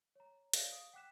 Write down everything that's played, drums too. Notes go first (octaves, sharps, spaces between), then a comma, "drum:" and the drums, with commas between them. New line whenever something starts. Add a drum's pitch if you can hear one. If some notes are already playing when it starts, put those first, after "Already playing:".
C#5 A#5
A4 C#5 D5 F5 D7, drum: hi-hat
F5 D#6 A#6
F#5 G5 D6 F#6 B6 E7